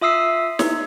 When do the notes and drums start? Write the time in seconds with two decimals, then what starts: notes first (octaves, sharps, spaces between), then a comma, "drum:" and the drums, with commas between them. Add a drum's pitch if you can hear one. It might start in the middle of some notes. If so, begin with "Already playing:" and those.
0.01 F4 E5 D#6 E6 C7
0.59 D#4, drum: snare